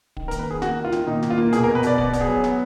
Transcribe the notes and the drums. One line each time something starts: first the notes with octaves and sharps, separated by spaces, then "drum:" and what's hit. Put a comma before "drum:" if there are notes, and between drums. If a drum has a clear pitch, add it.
D#3, drum: kick
A#4
A#3, drum: kick, hi-hat
B4
D#3 G#4
A#3 F#4, drum: snare
D#3
F4
D#3, drum: snare
A#2 D#4
A#2, drum: snare
F4
A#3
B2 G#4, drum: hi-hat
A#4
B2
B4
B2 D5, drum: hi-hat
B3 D5, drum: kick
B3, drum: kick, hi-hat
G#4
F#3
B3, drum: snare